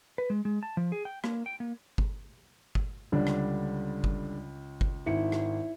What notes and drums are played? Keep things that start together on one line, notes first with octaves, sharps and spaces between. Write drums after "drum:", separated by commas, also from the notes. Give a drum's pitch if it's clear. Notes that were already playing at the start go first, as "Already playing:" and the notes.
B4
G#3
G#3
A5
F3
G#4
G5
A#3, drum: rim click
G5
A#3
drum: kick G1
drum: kick G1
C#2 D3 G3 D4
drum: rim click
drum: kick G1
drum: kick G1
G#1 E4 C#7
drum: rim click